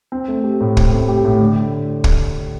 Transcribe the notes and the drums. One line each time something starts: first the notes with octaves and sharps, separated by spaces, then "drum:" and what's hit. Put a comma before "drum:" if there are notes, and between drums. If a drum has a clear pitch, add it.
C4
A3
G4
A2
C4, drum: kick
A3
G4
A2
D3
drum: kick